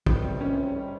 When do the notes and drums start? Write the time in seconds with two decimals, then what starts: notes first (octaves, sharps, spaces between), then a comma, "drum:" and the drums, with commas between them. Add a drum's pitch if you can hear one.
0.07 C#2 C3 D#3 G3 C4, drum: kick
0.41 C#2 C3 D#3 G3 C#4
0.75 C3 D#3 G3